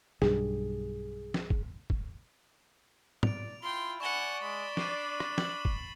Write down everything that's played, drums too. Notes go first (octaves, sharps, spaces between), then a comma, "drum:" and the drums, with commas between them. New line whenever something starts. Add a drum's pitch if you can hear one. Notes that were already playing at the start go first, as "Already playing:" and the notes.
B1 G2 G#4, drum: snare
drum: snare
drum: kick
drum: kick
D5 D7 F7, drum: tom
E4 F4 G5 C6
D5 F#5 G#5 C#6 E7 G7
G#3 B5
D4 A6 C7 D#7, drum: snare
drum: rim click
F#7, drum: snare
drum: kick